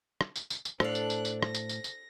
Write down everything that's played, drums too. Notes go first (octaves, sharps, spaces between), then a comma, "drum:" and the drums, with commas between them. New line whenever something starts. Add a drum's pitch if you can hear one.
drum: rim click
drum: tambourine
drum: tambourine
drum: tambourine
A2 D4 A4 C5 F5 F#6, drum: rim click
drum: tambourine
drum: tambourine
drum: tambourine
A#6, drum: rim click
drum: tambourine
drum: tambourine
drum: tambourine